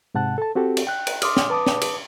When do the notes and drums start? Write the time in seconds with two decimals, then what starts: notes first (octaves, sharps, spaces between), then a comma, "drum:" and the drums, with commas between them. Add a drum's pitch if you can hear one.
0.15 G#2 C3 F#5 A5 F#6
0.38 A4 A5
0.55 C4 F#4 G4 A4
0.77 drum: cymbal
0.87 G5 F#6
1.07 drum: cymbal
1.22 C6 D6 D#6 F6, drum: cymbal
1.37 drum: snare
1.50 B4 A5 D6 D#6
1.66 drum: snare
1.81 drum: cymbal